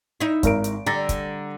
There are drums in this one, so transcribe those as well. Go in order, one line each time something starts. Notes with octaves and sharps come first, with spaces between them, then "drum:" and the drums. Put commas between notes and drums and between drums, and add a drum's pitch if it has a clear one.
D#4 E4
G#1 A#4 D7, drum: kick, hi-hat
drum: hi-hat
D3 G3 A#5 A6 A#6
drum: kick, hi-hat